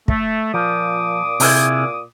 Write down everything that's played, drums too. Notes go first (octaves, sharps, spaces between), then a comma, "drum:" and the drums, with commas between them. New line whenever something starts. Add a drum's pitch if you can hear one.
A3, drum: kick
A#2 F3 D6 D#6
C3 E4 G#4, drum: open hi-hat